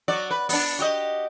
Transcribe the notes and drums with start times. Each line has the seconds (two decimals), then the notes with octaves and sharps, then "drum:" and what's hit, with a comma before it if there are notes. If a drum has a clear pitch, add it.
0.08 F#3 F#4 D5
0.31 B4
0.49 B3 D4, drum: open hi-hat
0.79 F#4 G4 D#5